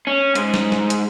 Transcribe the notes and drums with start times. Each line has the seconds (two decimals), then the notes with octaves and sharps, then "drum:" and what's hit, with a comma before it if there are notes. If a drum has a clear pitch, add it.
0.07 C#4
0.35 G#2, drum: hi-hat
0.54 drum: snare
0.72 drum: snare
0.90 drum: hi-hat